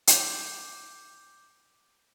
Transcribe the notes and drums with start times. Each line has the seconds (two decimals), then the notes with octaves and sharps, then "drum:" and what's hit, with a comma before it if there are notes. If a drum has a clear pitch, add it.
0.07 D6 G6, drum: hi-hat